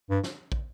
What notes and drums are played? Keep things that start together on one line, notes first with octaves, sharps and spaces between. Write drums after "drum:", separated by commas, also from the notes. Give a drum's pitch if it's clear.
G2
drum: snare
drum: kick